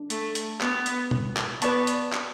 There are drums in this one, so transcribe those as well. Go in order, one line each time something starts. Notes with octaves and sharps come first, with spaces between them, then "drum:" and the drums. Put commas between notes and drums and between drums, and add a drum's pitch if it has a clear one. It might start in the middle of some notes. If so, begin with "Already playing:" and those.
Already playing: D4
A3, drum: hi-hat
drum: hi-hat
B3, drum: clap
drum: hi-hat
drum: tom B2
drum: clap
B3 B4 D5 A5 C#6, drum: hi-hat
drum: hi-hat
drum: clap